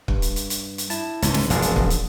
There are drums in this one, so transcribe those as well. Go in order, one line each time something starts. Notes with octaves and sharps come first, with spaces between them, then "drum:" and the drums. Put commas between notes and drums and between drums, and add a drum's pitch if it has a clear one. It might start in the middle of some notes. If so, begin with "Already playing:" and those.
G2, drum: kick
drum: hi-hat
drum: hi-hat
drum: hi-hat
drum: hi-hat
E4 A5, drum: hi-hat
C#2 G#2, drum: hi-hat
drum: snare
E1 A#1 F#2 D4 F4 G#4, drum: hi-hat
drum: hi-hat
drum: kick
drum: hi-hat